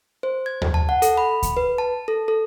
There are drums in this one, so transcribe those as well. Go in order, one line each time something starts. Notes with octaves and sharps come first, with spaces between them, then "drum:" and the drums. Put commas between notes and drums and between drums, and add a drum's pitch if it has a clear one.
C5
G#6
drum: tom D#2
A5
F#5
A4, drum: hi-hat
B5
drum: kick D2, hi-hat
B4
A5
A4
A4